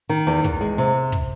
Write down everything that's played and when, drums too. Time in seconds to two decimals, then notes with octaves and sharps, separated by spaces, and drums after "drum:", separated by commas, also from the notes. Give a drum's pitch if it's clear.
0.09 D#3
0.27 E2
0.44 E2, drum: kick
0.61 G#3
0.78 C3
1.12 drum: kick